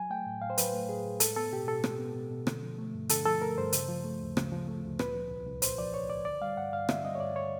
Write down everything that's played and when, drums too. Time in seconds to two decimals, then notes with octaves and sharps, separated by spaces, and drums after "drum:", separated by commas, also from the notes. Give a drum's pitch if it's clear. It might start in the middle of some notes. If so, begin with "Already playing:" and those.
Already playing: F#3 G#5
0.10 A3 G5
0.26 A2
0.41 A2 F5
0.50 C5
0.58 F#3 B4, drum: hi-hat
0.73 A3
0.89 A2 G#4
1.05 A2
1.20 G#3 A4, drum: hi-hat
1.36 B3 A4
1.53 B2 G4
1.67 B2 A4
1.84 G#3, drum: rim click
1.99 B3
2.16 B2
2.31 B2
2.47 D3, drum: rim click
2.63 F3
2.78 A3
2.94 G2
3.09 D3 A4, drum: hi-hat
3.26 F3 A4
3.41 A3 A#4
3.58 G2 C5
3.73 C#3, drum: hi-hat
3.89 F3
4.04 A3
4.21 D2
4.37 C#3, drum: rim click
4.52 F3
4.68 A3
4.84 D2
4.99 A#2 B4, drum: rim click
5.15 F3
5.31 C2
5.47 C2
5.62 A#2 C5, drum: hi-hat
5.78 F3 D5
5.94 C2 C#5
6.09 C2 D5
6.25 D3 D5
6.42 G3 F5
6.57 G2 F#5
6.73 G2 F5
6.89 D3 E5, drum: rim click
7.05 G3 D#5
7.15 C#5
7.20 G2 D5
7.36 C#5